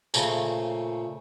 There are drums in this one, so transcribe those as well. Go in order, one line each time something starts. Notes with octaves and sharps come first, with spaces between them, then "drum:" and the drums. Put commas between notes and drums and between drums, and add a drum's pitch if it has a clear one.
A#2 C#3 F3 A3, drum: tambourine